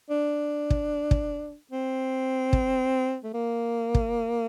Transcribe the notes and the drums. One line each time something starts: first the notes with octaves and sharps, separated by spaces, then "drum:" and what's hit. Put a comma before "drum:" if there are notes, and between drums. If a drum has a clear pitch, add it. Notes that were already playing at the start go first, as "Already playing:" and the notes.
D4
drum: kick
drum: kick
C4
drum: kick
A3
A#3
drum: kick